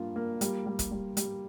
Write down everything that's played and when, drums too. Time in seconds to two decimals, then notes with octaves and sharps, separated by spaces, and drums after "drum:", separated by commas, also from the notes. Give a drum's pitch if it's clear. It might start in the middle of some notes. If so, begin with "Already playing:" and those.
Already playing: G2 A#3 F4
0.16 A#3
0.41 G3, drum: hi-hat
0.66 G3
0.79 drum: kick, hi-hat
0.91 G3
1.17 G3, drum: hi-hat